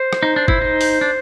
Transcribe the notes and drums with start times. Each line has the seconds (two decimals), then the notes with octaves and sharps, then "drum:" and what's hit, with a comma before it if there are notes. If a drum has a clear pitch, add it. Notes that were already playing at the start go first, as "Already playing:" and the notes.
Already playing: C5
0.13 drum: rim click
0.23 D#4
0.36 D4
0.48 E4, drum: kick
0.62 D#4
0.81 drum: open hi-hat
1.01 D4